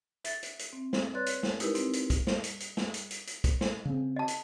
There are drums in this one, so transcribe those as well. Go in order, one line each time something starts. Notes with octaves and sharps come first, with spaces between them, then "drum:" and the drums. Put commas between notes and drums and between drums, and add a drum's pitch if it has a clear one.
E5 A6, drum: hi-hat
drum: hi-hat
drum: hi-hat
C4
drum: snare
B4 C#5 D5 C6 F#6 A6
drum: hi-hat
drum: snare
G#3 D#4 E4 G4 A#4 B4, drum: hi-hat
C4, drum: hi-hat
drum: hi-hat
drum: kick, hi-hat
drum: snare
drum: hi-hat
drum: hi-hat
drum: snare
drum: hi-hat
drum: hi-hat
drum: hi-hat
drum: kick, hi-hat
drum: snare
C#3 C4
D#5 A5
drum: hi-hat